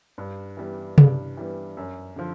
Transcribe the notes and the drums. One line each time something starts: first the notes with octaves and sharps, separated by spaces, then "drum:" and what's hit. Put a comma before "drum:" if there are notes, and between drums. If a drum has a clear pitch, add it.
G2
E3 G3 B3
G2, drum: tom C3
E3 G3 B3
F#2
D3 F3